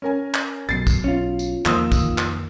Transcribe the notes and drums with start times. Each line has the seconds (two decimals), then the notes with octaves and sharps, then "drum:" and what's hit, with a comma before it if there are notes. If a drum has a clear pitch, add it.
0.02 C#4 A#4 G#5
0.34 drum: clap
0.69 B1 B2 F#3 A6 C7
0.87 drum: kick, tambourine
1.04 C#4 F4
1.39 drum: tambourine
1.65 E2 D#3 F3 A#3 F4 C5 D#6 E6, drum: clap
1.92 drum: kick, tambourine
2.01 F2 D#3
2.18 drum: clap